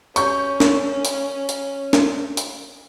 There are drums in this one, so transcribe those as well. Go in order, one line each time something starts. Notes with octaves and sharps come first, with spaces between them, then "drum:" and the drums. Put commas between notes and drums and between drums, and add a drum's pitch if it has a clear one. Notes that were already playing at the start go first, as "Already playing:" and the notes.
C#4 C#6 G6, drum: hi-hat
drum: snare
drum: hi-hat
drum: hi-hat
drum: snare
drum: hi-hat